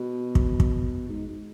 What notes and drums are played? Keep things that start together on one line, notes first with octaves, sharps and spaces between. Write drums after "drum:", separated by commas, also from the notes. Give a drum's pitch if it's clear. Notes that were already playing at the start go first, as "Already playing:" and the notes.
Already playing: B2
drum: kick
drum: kick
G#2
G#2